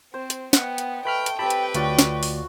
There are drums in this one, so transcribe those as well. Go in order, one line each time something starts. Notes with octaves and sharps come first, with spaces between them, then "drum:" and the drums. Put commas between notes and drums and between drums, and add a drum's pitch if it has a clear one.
C4 C5
drum: hi-hat
B3 D#5 F#5 G5, drum: snare
drum: hi-hat
A3 B4 G5 B5 F6
drum: hi-hat
G3 C4 G4 B4 G5 A5 B5
drum: hi-hat
D2 F4 F#4 C#5 D5, drum: hi-hat
drum: snare
drum: open hi-hat